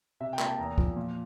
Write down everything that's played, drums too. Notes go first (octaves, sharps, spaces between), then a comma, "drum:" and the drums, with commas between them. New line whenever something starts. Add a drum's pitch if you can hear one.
C3 E5
G5
A#3, drum: clap
A5
E2 A#5
F3, drum: kick
A#2